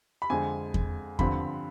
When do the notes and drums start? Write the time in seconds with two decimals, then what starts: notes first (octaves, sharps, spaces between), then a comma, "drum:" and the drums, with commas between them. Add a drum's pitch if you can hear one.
0.22 B5
0.30 F2 D3 G#3 G#5
0.74 drum: kick E2
1.19 G2 D3 F3 C4 B5, drum: kick E2